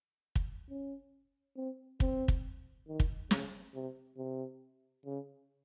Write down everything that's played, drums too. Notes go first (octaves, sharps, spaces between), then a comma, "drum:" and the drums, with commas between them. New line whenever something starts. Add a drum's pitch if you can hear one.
drum: kick
C#4
C4
C4, drum: kick
drum: kick
D#3
drum: kick
C#3, drum: snare
C3
C3
C#3